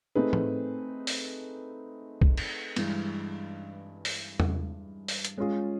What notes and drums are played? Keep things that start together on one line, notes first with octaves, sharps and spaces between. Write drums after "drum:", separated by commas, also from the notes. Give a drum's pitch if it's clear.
A3 C4 D#4 G#4 B4
drum: tom
drum: open hi-hat
drum: kick B1
drum: cymbal
G2 E3 G#3, drum: cymbal
drum: open hi-hat
drum: tom E2
drum: open hi-hat
drum: hi-hat
G#3 C#4 F4 G#4